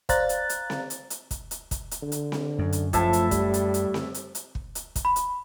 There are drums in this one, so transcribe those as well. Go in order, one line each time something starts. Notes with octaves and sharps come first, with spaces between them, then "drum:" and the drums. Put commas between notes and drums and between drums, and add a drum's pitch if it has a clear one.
C5 D5 F5 A#5 F#6 A6, drum: kick, hi-hat
drum: hi-hat
drum: hi-hat
drum: snare C4
drum: hi-hat
drum: hi-hat
drum: kick, hi-hat
drum: hi-hat
drum: kick, hi-hat
drum: hi-hat
D3
drum: hi-hat
drum: snare C4
F#2
drum: hi-hat
A2 F3 E5 A5, drum: kick, hi-hat
drum: hi-hat
G3, drum: kick, hi-hat
drum: hi-hat
drum: hi-hat
drum: snare C4
drum: hi-hat
drum: hi-hat
drum: kick
drum: hi-hat
drum: kick, hi-hat
B5
drum: hi-hat